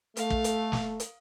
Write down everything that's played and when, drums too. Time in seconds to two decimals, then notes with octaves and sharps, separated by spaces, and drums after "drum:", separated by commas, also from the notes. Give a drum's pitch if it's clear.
0.17 A3 F5, drum: hi-hat
0.30 drum: kick
0.44 drum: hi-hat
0.72 drum: snare
1.00 drum: hi-hat